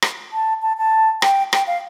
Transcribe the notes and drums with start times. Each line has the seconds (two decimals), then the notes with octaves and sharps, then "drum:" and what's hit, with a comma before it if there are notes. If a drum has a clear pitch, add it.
0.02 drum: rim click
0.33 A5
0.62 A5
0.78 A5
1.22 G5, drum: rim click
1.53 G5, drum: rim click
1.67 F5